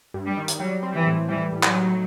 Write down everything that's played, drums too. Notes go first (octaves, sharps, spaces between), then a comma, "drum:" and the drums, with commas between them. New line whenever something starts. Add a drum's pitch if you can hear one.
G2
G3
D#3
drum: hi-hat
F#3 G3
C4
E3
A2
E3 G3
A2
F#3, drum: clap
D#4